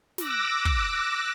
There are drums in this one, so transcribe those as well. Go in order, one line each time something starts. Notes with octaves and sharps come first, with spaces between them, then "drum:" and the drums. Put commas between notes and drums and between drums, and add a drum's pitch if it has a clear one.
D6 E6 F#6 A#6, drum: snare
drum: kick